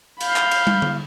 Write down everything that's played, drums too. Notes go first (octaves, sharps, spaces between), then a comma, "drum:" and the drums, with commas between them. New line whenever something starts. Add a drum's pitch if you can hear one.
F5 B5 G6, drum: cymbal
drum: clap
drum: cymbal
drum: tom
drum: tom